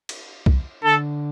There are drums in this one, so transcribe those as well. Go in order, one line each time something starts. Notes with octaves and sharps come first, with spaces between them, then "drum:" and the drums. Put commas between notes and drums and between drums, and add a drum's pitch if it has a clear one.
drum: cymbal
drum: kick
D3 A4